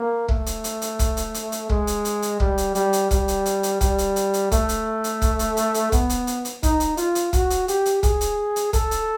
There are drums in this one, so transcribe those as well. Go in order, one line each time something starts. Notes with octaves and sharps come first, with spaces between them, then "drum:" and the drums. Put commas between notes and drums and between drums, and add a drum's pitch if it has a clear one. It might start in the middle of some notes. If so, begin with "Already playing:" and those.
Already playing: A#3
A3, drum: kick
drum: hi-hat
drum: hi-hat
drum: hi-hat
drum: kick, hi-hat
drum: hi-hat
drum: hi-hat
drum: hi-hat
G#3, drum: kick
drum: hi-hat
drum: hi-hat
drum: hi-hat
G3, drum: kick
drum: hi-hat
G3, drum: hi-hat
drum: hi-hat
G3, drum: kick, hi-hat
drum: hi-hat
drum: hi-hat
drum: hi-hat
G3, drum: kick, hi-hat
drum: hi-hat
drum: hi-hat
drum: hi-hat
A3, drum: kick, hi-hat
drum: hi-hat
drum: hi-hat
drum: kick, hi-hat
drum: hi-hat
drum: hi-hat
drum: hi-hat
B3, drum: kick, hi-hat
drum: hi-hat
drum: hi-hat
drum: hi-hat
D#4, drum: kick, hi-hat
drum: hi-hat
F4, drum: hi-hat
drum: hi-hat
F#4, drum: kick, hi-hat
drum: hi-hat
G4, drum: hi-hat
drum: hi-hat
G#4, drum: kick, hi-hat
drum: hi-hat
drum: hi-hat
A4, drum: kick, hi-hat
drum: hi-hat